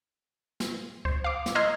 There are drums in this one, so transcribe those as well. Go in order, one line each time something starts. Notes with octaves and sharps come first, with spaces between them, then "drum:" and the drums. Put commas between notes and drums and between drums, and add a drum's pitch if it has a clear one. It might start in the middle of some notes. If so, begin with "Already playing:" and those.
drum: snare
C5, drum: kick C#2
F5 D6
drum: snare
D#5 A#5 C6 E6 F6 G#6